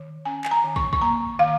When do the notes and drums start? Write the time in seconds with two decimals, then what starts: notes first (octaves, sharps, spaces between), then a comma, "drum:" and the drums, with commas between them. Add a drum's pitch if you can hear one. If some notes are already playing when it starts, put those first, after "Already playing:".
Already playing: D#3
0.25 C#4 G#5
0.44 G#5, drum: clap
0.51 A#5
0.64 D#3
0.76 C#6, drum: kick
0.93 C#6, drum: kick
1.01 A#3 A#5
1.39 D#3 F5